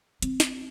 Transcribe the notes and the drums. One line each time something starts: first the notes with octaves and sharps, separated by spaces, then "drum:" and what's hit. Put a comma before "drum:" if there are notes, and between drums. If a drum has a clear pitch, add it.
C4, drum: hi-hat
drum: snare